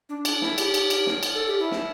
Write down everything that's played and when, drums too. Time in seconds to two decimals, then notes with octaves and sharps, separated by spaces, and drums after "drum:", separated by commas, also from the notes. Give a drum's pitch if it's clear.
0.09 D4
0.25 D4, drum: cymbal
0.42 E4, drum: snare
0.58 G4, drum: cymbal
0.74 drum: cymbal
0.90 drum: cymbal
1.06 drum: snare
1.23 drum: cymbal
1.35 A4
1.47 G4
1.60 E4
1.71 drum: snare